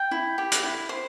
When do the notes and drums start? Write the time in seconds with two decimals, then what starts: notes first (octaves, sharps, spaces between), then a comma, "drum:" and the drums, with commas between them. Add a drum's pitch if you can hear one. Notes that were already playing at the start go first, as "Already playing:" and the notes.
Already playing: G5
0.11 E4
0.38 G4
0.52 drum: hi-hat
0.64 E4
0.89 C5